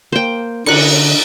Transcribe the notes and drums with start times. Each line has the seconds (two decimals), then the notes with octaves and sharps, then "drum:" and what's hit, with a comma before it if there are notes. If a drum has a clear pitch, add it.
0.12 A#3 C5 G5
0.66 D3 C#4 F#6 C#7, drum: cymbal